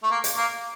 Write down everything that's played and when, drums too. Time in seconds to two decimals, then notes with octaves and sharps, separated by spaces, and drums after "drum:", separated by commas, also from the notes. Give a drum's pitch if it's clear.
0.03 A3
0.10 A#3
0.24 drum: hi-hat
0.37 A#3